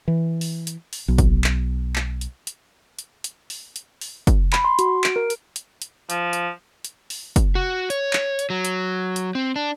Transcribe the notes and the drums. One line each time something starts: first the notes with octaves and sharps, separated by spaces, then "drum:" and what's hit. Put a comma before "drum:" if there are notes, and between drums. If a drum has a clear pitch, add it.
E3
drum: open hi-hat
drum: hi-hat
drum: open hi-hat
B1
drum: kick, hi-hat
drum: clap
drum: clap
drum: hi-hat
drum: hi-hat
drum: hi-hat
drum: hi-hat
drum: open hi-hat
drum: hi-hat
drum: open hi-hat
drum: kick, hi-hat
B5, drum: clap
C6
F#4, drum: hi-hat
D7, drum: clap
A#4
drum: hi-hat
drum: hi-hat
drum: hi-hat
F3, drum: hi-hat
drum: hi-hat
drum: hi-hat
drum: open hi-hat
drum: kick, hi-hat
F#4
C#5, drum: hi-hat
drum: clap
drum: hi-hat
F#3
drum: hi-hat
drum: hi-hat
C4
D4